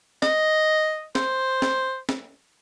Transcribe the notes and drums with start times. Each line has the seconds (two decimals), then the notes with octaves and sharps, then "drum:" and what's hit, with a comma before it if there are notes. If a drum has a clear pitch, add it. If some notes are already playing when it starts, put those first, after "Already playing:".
0.22 D#5, drum: snare
1.15 C5, drum: snare
1.62 drum: snare
2.09 drum: snare